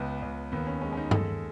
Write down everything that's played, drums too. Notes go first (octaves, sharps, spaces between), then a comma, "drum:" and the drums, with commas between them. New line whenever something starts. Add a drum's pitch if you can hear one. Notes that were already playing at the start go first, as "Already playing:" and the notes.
Already playing: C#2 C#3 B3
C#2
D#2 B3
C#4
G#3 C#4
C#4
D#4
G#3 A4, drum: tom G2